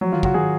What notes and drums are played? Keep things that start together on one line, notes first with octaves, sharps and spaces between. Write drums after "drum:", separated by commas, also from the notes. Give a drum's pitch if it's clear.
F3 F#3
D#3 F4
C#3 F#4, drum: kick
D#3 G#4